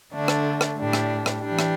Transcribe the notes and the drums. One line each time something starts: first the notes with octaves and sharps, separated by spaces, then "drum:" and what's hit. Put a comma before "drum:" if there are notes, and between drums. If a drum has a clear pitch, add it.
D3 A3 D4
drum: rim click
drum: rim click
A2 G3 D4
drum: rim click
drum: rim click
E3 G3 D4
drum: rim click